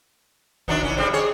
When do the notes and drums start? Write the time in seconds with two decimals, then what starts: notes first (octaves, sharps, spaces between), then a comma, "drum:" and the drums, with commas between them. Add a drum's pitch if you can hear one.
0.68 D#3 F#3 D4, drum: kick
0.83 C#4 E4, drum: kick
0.97 C#3 G3 C4
1.13 G#4 C#5